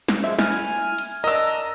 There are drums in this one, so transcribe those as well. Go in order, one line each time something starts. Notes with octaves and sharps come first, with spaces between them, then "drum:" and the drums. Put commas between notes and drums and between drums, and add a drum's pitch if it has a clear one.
drum: snare
F3 G#3 E5
E4 G#5 F6, drum: snare
drum: hi-hat
D4 A#4 D#5 A#5 E6